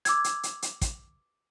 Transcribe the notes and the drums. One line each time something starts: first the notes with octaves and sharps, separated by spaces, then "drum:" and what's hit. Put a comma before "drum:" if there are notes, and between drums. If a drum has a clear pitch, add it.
D6 E6 G#6, drum: hi-hat
drum: hi-hat
drum: hi-hat
drum: hi-hat
drum: kick, hi-hat